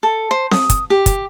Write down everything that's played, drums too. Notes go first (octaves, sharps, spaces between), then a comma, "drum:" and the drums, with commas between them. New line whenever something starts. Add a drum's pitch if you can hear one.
A4
C5
D#6, drum: snare C4
drum: kick, hi-hat
G4
drum: kick, hi-hat